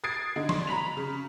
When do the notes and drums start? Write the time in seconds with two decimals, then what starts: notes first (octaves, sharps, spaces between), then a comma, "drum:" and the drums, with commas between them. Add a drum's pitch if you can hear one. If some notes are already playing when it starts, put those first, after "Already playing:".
0.04 D#6 G#6 A6 C7 D7
0.36 D3 D#4
0.49 C6, drum: snare
0.67 A#5 B5 B6 F7
0.97 C#3